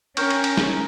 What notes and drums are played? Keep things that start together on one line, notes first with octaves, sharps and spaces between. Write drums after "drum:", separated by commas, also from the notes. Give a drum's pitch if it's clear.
C#4 A#4 G5 C#6, drum: cymbal
drum: cymbal
drum: cymbal
drum: snare